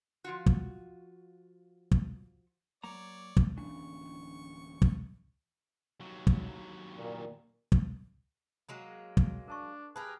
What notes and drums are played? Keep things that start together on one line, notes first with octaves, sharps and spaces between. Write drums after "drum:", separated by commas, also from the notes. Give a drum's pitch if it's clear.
F3 F4 F#4
drum: kick
drum: kick
F#3 A#3 C#5 D5 A#5
drum: kick
D1 E3 A#3 C#4 D4 C#6
drum: kick
D#2 F#3
drum: kick
A#2
drum: kick
F#3 G#3 A#3
drum: kick
D4 A#4 A5 C#6
G4 G#4 A#4 B4 A5